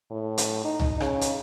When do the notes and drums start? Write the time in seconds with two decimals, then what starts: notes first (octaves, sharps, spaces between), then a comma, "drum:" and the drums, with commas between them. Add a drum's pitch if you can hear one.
0.11 A2
0.38 drum: hi-hat
0.64 D#4
0.79 drum: tom C2
1.00 C#3, drum: rim click
1.21 drum: hi-hat